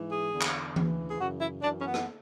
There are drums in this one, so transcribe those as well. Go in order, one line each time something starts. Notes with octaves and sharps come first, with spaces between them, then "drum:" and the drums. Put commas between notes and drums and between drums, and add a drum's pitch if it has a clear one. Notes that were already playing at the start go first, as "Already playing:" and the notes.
Already playing: G#2 E3
G#4
E2 D3
drum: clap
D2 C#3 E3, drum: tom E3
G#4
F#2 C#3 E3 F#4
E4
F#2 E3 D4
C#4
B3
drum: rim click